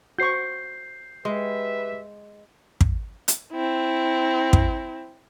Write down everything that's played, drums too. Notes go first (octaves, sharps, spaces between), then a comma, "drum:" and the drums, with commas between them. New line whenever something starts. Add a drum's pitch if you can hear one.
F#4 C5 C#6 G6 C7
G#3 G4 B4 E5
drum: kick
drum: hi-hat
C4 E4
drum: kick